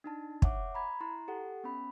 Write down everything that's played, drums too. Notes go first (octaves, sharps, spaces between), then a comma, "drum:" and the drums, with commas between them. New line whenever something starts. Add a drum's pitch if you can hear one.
D4 D#4 A5
C#5 E5 F#5 D6, drum: kick
A#5 B5 G#6
E4 A#5 C6
G4 A4 F#5
B3 C#4 B5